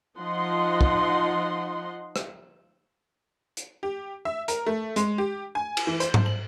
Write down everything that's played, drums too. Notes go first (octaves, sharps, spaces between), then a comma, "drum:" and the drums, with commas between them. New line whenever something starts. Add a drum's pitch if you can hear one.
F3 D#4 D#5 F#5 C6
drum: kick
drum: rim click
drum: hi-hat
G4
E5
A#4, drum: hi-hat
A3
G#3, drum: hi-hat
G4
G#5
drum: cymbal
E3
C5, drum: hi-hat
drum: tom G#2
F#7